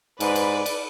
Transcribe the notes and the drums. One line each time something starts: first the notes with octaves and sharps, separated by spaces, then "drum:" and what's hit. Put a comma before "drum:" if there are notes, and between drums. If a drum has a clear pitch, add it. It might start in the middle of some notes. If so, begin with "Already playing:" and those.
G#2 B4 D5, drum: cymbal
drum: cymbal
drum: cymbal